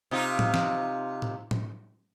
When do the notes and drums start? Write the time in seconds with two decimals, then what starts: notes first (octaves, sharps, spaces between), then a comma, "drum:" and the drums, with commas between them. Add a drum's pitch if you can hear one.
0.11 C3 D#4 F4
0.39 drum: tom A2
0.54 drum: snare
1.22 drum: tom A2
1.51 drum: tom A2